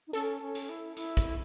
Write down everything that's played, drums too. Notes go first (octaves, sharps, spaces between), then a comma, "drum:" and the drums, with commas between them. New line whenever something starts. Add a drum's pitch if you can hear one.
D#4
C#4 A4, drum: hi-hat
C#4
drum: hi-hat
E4
E4, drum: hi-hat
drum: kick, hi-hat